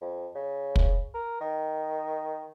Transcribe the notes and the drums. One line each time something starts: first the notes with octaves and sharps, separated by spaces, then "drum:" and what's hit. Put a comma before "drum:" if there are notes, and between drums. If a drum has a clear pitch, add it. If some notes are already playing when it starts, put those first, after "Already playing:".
F2
C#3
drum: kick
A#4
D#3